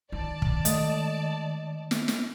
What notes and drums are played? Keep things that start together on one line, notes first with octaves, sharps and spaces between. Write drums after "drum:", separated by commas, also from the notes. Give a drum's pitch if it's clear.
D#3 D5 A5
drum: kick
G#3 A3 D#5, drum: hi-hat
drum: snare
drum: snare